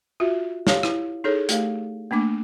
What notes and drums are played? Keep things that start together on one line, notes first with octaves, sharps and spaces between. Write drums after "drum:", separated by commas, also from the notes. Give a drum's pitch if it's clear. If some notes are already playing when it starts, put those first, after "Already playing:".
F4 F#4 E5
G4 C#5 F5, drum: snare
E4, drum: rim click
D#4 G#4 A4 C#5
A3 G4 F5, drum: hi-hat
A3 A#3 D4 D6